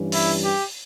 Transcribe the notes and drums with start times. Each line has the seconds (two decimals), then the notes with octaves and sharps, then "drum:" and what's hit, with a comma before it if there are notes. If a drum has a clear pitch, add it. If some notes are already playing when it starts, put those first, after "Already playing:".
Already playing: G2 E3 G3 C#4
0.12 E4, drum: open hi-hat
0.42 G4